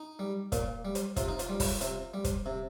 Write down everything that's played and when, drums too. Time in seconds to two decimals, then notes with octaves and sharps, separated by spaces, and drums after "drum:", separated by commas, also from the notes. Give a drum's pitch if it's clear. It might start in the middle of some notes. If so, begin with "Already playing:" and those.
Already playing: D#4
0.19 G3
0.52 A#2, drum: kick, hi-hat
0.85 G3
0.95 drum: hi-hat
1.16 C3 F4, drum: kick, hi-hat
1.28 D#4
1.39 F4, drum: hi-hat
1.49 G3
1.60 drum: kick, open hi-hat
1.81 C3, drum: hi-hat
2.14 G3
2.24 drum: kick, hi-hat
2.46 C3